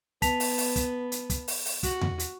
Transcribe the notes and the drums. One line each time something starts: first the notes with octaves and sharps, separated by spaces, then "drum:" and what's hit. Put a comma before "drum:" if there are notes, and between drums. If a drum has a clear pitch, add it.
B3 A5 B6 F7, drum: kick, hi-hat
drum: open hi-hat
drum: open hi-hat
drum: kick, hi-hat
drum: hi-hat
drum: kick, hi-hat
drum: open hi-hat
drum: open hi-hat
F#4, drum: kick, hi-hat
drum: tom E2
drum: hi-hat